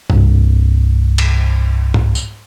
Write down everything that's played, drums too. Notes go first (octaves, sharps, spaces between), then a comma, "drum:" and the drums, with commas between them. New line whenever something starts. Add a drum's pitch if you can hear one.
C2 G2, drum: tom G#2
drum: cymbal
drum: tom G#2
drum: tambourine